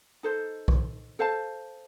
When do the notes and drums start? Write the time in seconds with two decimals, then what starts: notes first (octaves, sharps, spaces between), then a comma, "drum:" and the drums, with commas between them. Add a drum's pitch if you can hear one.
0.23 D#4 A4 C5
0.68 drum: kick B1
1.19 A4 C5 F5 A5